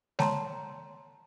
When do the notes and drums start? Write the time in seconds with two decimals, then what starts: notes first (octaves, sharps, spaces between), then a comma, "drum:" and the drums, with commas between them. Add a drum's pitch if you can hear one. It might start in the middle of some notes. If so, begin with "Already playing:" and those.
0.19 C#5 A5 A#5 C6, drum: snare G#3